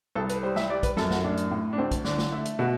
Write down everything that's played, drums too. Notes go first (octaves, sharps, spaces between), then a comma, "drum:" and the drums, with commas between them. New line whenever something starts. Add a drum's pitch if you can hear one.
C2 A4
B4, drum: hi-hat
G3 C5
E5, drum: snare
G3 D5
B4, drum: kick, hi-hat
F#2 A4, drum: snare
F#4, drum: snare
A2 D4
drum: hi-hat
A2
D4
D2 C4
drum: kick, hi-hat
D3 D4, drum: snare
drum: snare
A3 E4
drum: hi-hat
B2 F#4